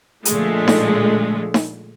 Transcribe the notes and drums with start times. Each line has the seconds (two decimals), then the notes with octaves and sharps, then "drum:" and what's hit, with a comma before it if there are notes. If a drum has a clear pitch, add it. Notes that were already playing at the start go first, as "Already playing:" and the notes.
0.25 A#2 D3 F3 G#3 A3, drum: hi-hat
0.68 drum: snare D#4
1.54 drum: snare D#4